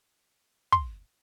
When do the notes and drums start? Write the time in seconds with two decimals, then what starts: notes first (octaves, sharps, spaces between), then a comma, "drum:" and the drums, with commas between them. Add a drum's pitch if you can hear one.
0.72 C6, drum: kick